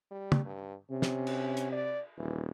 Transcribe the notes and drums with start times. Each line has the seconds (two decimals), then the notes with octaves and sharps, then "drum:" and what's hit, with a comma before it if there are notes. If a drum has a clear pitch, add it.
0.11 G3
0.32 drum: tom
0.45 G2
0.91 C3 C#4
1.02 drum: snare
1.27 drum: cymbal
1.57 drum: hi-hat
1.72 D5
2.18 D#1 E3